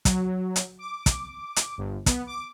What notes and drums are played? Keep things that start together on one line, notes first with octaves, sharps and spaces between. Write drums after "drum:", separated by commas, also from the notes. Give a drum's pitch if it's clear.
F#3, drum: kick, hi-hat
drum: hi-hat
D6
drum: kick, hi-hat
drum: hi-hat
G1
B3, drum: kick, hi-hat
D6